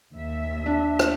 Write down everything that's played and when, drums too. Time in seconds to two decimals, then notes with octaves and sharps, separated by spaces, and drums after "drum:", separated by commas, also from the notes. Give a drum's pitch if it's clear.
0.14 D#2 E5
0.66 D4
0.99 drum: rim click